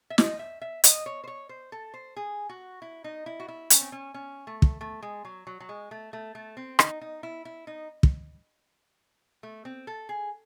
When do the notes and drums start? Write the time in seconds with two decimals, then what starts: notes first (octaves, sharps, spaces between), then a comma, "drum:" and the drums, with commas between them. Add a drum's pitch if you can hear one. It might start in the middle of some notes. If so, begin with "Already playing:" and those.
0.10 E5
0.18 D#5, drum: snare
0.39 E5
0.62 E5
0.84 D#5, drum: hi-hat
1.06 C#5
1.24 C5
1.28 C#5
1.49 C5
1.72 A4
1.94 C5
2.16 G#4
2.49 F#4
2.82 E4
3.04 D#4
3.26 E4
3.40 F#4
3.48 E4
3.70 C#4, drum: hi-hat
3.81 C4
3.92 C#4
4.14 C#4
4.47 A3
4.62 drum: kick
4.81 A3
5.02 G#3
5.25 F#3
5.47 F#3
5.60 F#3
5.69 G#3
5.91 A3
6.13 A3
6.35 A3
6.57 C4
6.79 D#4, drum: rim click
7.01 D#4
7.23 E4
7.45 E4
7.67 D#4
8.03 drum: kick
9.43 A3
9.65 C4
9.87 A4
10.09 G#4